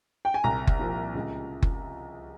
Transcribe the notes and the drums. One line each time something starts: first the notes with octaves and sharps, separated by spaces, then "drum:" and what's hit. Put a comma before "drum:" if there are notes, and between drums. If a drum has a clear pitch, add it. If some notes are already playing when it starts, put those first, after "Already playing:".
G5
G#5
C2 A#5
drum: kick F#1
A#2 F3
C#2
drum: kick F#1